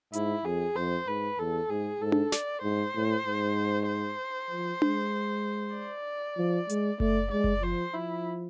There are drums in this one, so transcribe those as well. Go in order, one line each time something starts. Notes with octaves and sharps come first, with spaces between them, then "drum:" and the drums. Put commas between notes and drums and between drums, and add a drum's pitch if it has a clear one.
G#2 E4, drum: hi-hat
F2 G#4
F2 C5
G#2 B4
E2 A4
G#2 G#4
G#2 A4
drum: tom D4
D5, drum: snare
G#2 C5
A2
G#2
C5
F3
G#3, drum: tom D4
D5
F3
G#3, drum: hi-hat
A3 D5, drum: kick F#1
G#3 D5
drum: kick F#1
F3 C5
F3 E4